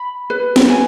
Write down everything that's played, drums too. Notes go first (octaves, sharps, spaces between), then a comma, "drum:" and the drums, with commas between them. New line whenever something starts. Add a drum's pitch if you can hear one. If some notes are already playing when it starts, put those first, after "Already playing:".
Already playing: B5
B4
drum: snare
G#5